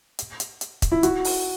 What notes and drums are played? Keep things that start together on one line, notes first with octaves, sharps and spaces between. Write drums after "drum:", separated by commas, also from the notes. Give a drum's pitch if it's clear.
drum: hi-hat
drum: hi-hat
drum: hi-hat
drum: kick C#1, hi-hat
E4
F#4, drum: hi-hat
drum: open hi-hat